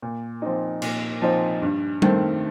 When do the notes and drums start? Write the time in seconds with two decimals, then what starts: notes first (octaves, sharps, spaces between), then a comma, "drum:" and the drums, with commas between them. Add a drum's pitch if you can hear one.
0.02 A#2
0.42 F3 C4 D#4
0.82 A#2, drum: cymbal
1.22 F3 C4 D#4
1.62 G2
2.02 D#3 A3 C4, drum: tom G3